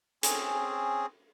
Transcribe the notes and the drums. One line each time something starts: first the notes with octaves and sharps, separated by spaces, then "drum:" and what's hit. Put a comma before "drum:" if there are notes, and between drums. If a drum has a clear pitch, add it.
C4 C#4 G#4, drum: hi-hat